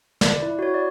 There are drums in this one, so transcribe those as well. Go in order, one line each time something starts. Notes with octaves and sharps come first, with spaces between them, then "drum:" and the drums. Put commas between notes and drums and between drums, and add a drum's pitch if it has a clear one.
D5, drum: snare
E4
F#4 C#5
D5